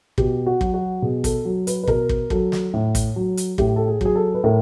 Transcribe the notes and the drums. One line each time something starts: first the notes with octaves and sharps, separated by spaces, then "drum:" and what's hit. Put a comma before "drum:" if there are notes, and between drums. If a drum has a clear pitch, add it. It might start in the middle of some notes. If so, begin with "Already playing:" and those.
B2 G4, drum: kick
F#4
F#3, drum: kick
F#4
B2 G#4
A4, drum: kick, hi-hat
F#3
B4, drum: hi-hat
B4
B2 A#4, drum: kick
drum: kick
F#3 A4, drum: kick
drum: snare
A2
drum: kick, hi-hat
F#3
drum: hi-hat
A2 G4, drum: kick
A4
G#4
F#3 G#4, drum: kick
A4
B4
A2 A#4